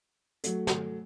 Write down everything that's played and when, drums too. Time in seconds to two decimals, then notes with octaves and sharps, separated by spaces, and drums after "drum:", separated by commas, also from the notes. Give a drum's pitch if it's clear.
0.44 F#3 A3, drum: hi-hat
0.67 drum: snare